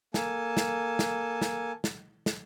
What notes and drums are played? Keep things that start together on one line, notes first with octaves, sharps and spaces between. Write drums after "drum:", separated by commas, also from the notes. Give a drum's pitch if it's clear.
A#3 A4 G#5 A5, drum: snare
drum: snare
drum: snare
drum: snare
drum: snare
drum: snare